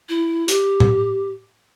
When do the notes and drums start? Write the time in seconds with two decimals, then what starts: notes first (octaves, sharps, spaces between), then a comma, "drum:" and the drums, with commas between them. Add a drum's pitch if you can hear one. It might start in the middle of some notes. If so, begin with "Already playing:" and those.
0.09 E4
0.48 G4, drum: hi-hat
0.80 drum: tom A2